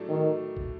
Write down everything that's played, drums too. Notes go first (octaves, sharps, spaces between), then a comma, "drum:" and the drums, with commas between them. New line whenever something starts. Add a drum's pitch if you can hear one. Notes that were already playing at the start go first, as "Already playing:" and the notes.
Already playing: A2 F#3 A3 D4
D#3
drum: kick G#1